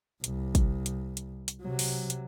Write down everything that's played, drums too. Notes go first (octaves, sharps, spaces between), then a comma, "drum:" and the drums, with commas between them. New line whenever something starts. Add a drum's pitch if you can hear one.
C2, drum: hi-hat
drum: kick, hi-hat
drum: hi-hat
drum: hi-hat
drum: hi-hat
C3 F#3
drum: open hi-hat
drum: hi-hat